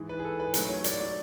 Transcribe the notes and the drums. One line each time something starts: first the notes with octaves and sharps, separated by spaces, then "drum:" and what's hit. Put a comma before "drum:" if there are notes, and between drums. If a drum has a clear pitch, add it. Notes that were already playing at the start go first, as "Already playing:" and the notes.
Already playing: G#2 E3 G#3
B4
G#4
A4
B4
G#2 F#3 A3 B4, drum: hi-hat
C#5
D5, drum: hi-hat
D5